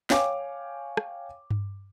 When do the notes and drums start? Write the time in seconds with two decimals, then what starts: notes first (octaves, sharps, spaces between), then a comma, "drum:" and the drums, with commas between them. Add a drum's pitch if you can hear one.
0.10 C#5 F5 G5 G#5 D6, drum: snare
0.97 drum: rim click
1.51 drum: tom G2